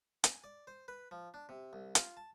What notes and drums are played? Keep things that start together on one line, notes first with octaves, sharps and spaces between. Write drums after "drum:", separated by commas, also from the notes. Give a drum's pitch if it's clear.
G#5, drum: hi-hat
D5
C5
B4
F3
D4
C3
C2
F4, drum: hi-hat
A5